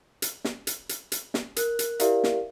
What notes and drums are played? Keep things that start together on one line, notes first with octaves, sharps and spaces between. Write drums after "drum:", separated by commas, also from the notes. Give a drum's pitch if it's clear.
drum: hi-hat
drum: snare
drum: hi-hat
drum: hi-hat
drum: hi-hat
drum: snare
A#4 F#6, drum: hi-hat
drum: hi-hat
E4 G4 A#4 D5 E5 F5, drum: hi-hat
drum: snare